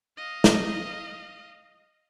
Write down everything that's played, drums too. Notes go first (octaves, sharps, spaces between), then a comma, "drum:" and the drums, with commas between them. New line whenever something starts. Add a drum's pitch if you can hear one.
D#5 F5
drum: snare